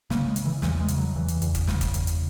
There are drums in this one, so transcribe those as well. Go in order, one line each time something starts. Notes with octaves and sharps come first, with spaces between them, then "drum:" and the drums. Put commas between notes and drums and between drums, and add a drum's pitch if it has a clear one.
C#3 A#3, drum: snare
G#3
C#3, drum: hi-hat
E3
E2 E3, drum: snare
G#3
C#3, drum: hi-hat
F#3
E2 E3
drum: hi-hat
E2, drum: hi-hat
drum: kick, hi-hat
C#3, drum: snare
drum: kick, hi-hat
E2, drum: hi-hat
drum: hi-hat